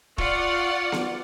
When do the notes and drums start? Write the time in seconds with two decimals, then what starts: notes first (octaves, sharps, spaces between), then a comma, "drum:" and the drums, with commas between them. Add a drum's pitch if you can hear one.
0.18 F4 D5 F#5 C#6, drum: kick
0.92 drum: snare B3